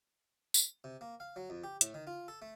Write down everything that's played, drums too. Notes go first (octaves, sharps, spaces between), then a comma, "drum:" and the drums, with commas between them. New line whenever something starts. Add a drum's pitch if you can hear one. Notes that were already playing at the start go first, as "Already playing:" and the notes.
drum: tambourine
C3
A#3
F5
F#3
F2
G4
A2, drum: hi-hat
D#3
F4
A4
A3